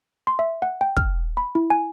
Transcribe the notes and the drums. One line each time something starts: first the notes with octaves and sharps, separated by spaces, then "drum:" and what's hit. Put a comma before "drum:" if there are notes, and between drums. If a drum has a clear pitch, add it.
C6
E5
F#5
G5
F6, drum: kick
B5
E4
G#5